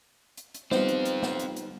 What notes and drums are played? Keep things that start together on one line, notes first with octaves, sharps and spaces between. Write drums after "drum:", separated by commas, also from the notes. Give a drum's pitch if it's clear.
drum: hi-hat
drum: hi-hat
G3 B3 C4 D#4 F4 C5, drum: snare
drum: hi-hat
drum: hi-hat
drum: snare
drum: hi-hat
drum: hi-hat